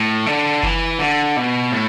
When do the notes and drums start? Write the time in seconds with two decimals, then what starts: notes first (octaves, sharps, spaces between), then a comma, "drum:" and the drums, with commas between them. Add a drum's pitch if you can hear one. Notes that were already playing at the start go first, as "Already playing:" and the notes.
Already playing: A2
0.26 D3
0.63 E3, drum: kick F#1
0.99 D3
1.37 B2
1.72 A2